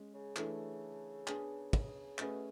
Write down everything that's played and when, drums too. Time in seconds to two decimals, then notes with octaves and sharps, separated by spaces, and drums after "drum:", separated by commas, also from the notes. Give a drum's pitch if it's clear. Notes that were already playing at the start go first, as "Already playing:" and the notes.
Already playing: G#3 C#4
0.14 C#3
0.36 E3 A3 D4 A4, drum: clap
1.27 B3 D4 G#4, drum: clap
1.73 drum: kick, cymbal
2.18 B2 A3 C#4 G#4 B4, drum: clap